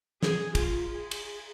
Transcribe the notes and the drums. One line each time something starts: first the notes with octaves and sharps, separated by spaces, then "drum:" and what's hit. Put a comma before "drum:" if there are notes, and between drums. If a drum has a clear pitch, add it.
G#4, drum: snare
F4, drum: kick, cymbal
G#4
drum: cymbal